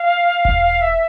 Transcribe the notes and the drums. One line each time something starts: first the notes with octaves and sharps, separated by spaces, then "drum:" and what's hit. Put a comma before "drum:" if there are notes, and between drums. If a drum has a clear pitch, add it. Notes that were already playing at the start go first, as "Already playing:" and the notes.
Already playing: F5
drum: kick E1
E5